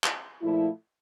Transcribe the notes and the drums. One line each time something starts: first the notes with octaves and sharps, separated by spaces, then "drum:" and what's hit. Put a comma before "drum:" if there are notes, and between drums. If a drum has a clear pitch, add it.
drum: clap
A#2 F3 A3 E4